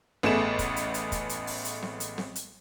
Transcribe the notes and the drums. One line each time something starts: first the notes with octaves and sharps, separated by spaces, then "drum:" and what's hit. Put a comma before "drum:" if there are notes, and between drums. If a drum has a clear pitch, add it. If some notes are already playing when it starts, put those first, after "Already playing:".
A1 A3 B3 G#4 E7
drum: kick, hi-hat
drum: hi-hat
drum: hi-hat
drum: kick, hi-hat
drum: hi-hat
drum: open hi-hat
drum: hi-hat
drum: snare C4
drum: hi-hat
drum: snare C4
drum: hi-hat